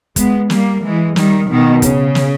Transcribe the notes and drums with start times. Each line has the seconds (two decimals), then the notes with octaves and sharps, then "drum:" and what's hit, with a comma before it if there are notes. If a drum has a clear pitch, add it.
0.16 G#3 B3, drum: kick, hi-hat
0.50 G3 A#3, drum: snare
0.82 E3 G#3
1.16 D#3 G3, drum: snare
1.49 B2 D#3
1.82 C#3, drum: kick, hi-hat
2.15 drum: snare